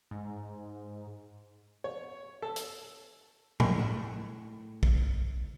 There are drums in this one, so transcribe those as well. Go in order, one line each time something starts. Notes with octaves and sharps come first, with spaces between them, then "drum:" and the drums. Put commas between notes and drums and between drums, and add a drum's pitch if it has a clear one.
G#2
C#5
A4
drum: hi-hat
D3 G3 E4, drum: tom A2
D2 D4 E4 G#4 F#5
A2
drum: kick B1